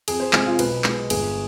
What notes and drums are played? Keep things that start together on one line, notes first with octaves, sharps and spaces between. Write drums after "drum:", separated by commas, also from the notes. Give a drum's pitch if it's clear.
F2 G#4, drum: cymbal
C5
C3 F3 G#3 G#4, drum: clap
F4
B1 B4, drum: cymbal
G#3, drum: clap
B2
G1 G#4, drum: cymbal